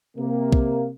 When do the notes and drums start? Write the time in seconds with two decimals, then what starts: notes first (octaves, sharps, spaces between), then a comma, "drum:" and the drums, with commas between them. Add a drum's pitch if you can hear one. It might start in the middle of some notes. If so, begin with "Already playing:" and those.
0.17 C3 A#3
0.52 drum: kick B1